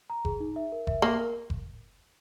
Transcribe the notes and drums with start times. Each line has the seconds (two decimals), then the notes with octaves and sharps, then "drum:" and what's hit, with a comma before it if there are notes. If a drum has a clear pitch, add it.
0.10 A#5
0.25 G#4, drum: kick F#1
0.40 D#4
0.56 E5
0.72 A#4
0.87 E5, drum: kick F#1
1.02 A#3 A#4
1.19 A#4
1.50 drum: kick F#1